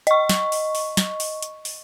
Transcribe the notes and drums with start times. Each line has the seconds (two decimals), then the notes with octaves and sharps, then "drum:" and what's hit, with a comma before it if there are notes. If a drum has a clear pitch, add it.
0.07 D#5 C#6, drum: hi-hat
0.29 drum: snare
0.52 drum: open hi-hat
0.75 drum: open hi-hat
0.97 drum: snare
1.20 drum: open hi-hat
1.42 drum: hi-hat
1.65 drum: open hi-hat